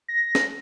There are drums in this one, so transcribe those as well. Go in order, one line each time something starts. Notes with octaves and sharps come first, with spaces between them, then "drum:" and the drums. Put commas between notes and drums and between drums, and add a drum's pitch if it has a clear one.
A#6
drum: snare